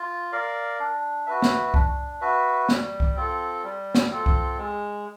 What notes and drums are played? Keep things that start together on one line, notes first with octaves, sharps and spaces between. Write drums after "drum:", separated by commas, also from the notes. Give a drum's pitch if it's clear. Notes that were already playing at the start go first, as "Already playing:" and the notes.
Already playing: F4
A#4 D5 F5
D4
F#4 B4 E5
drum: snare
D4, drum: kick C2
F#4 B4 E5
G3, drum: snare
drum: kick C2
C4 F4 A4
G3
drum: snare
C4 F4 A4
drum: kick C2
G#3